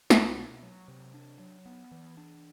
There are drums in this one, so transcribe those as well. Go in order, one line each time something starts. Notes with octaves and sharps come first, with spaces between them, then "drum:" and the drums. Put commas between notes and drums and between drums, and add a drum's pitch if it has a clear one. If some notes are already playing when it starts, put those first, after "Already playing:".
C2, drum: snare
B2
F#3
C3
D4
F#3
B3
E3
D4